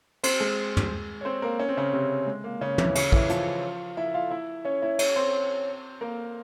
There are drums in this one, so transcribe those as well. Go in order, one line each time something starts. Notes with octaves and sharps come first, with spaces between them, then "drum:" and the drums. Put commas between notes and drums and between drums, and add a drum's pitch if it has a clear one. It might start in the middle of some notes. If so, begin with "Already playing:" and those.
C4 C5, drum: cymbal
G#3 G#4
drum: tom
C#5
C4 C5
A#3 A#4
C#4
C4
C#3 C#4
C3 C4
G#3
A#3
C#3 C#4
E3 E4, drum: tom
C#3 C#4, drum: cymbal
E3 E4, drum: kick
F3 F4, drum: hi-hat
E4 E5
F4 F5
E4 E5
C#4 C#5
E4 E5
C#4 C#5, drum: cymbal
C4 C5
A#3 A#4